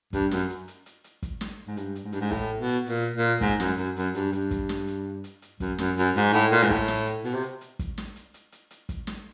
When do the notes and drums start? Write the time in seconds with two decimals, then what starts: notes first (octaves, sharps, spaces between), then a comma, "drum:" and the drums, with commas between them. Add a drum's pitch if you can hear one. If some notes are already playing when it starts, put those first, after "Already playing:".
0.13 G2, drum: kick, hi-hat
0.31 F#2, drum: snare
0.50 drum: hi-hat
0.68 drum: hi-hat
0.86 drum: hi-hat
1.04 drum: hi-hat
1.22 drum: kick, hi-hat
1.41 drum: snare
1.67 G#2
1.77 G2, drum: hi-hat
1.95 drum: hi-hat
2.05 G#2
2.13 G2, drum: hi-hat
2.20 G#2
2.31 A2, drum: kick, hi-hat
2.59 B2
2.68 drum: hi-hat
2.86 A#2, drum: hi-hat
3.05 drum: hi-hat
3.15 A#2
3.41 G#2, drum: kick, hi-hat
3.60 F#2, drum: snare
3.78 F#2, drum: hi-hat
3.96 F#2, drum: hi-hat
4.15 G2, drum: hi-hat
4.32 G2, drum: hi-hat
4.51 drum: kick, hi-hat
4.69 drum: snare
4.87 drum: hi-hat
5.24 drum: hi-hat
5.42 drum: hi-hat
5.60 F#2, drum: kick, hi-hat
5.78 F#2, drum: snare
5.97 F#2, drum: hi-hat
6.15 G#2, drum: hi-hat
6.33 A2, drum: hi-hat
6.51 A#2, drum: hi-hat
6.63 G#2
6.70 A2, drum: kick, hi-hat
6.88 drum: snare
7.06 drum: hi-hat
7.24 B2, drum: hi-hat
7.34 C3
7.43 drum: hi-hat
7.61 drum: hi-hat
7.79 drum: kick, hi-hat
7.98 drum: snare
8.16 drum: hi-hat
8.34 drum: hi-hat
8.52 drum: hi-hat
8.71 drum: hi-hat
8.89 drum: kick, hi-hat
9.07 drum: snare